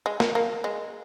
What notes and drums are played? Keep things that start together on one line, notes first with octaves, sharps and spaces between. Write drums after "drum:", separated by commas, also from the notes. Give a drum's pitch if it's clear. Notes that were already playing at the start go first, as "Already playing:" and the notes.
G#3
A#3, drum: snare
A#3
G#3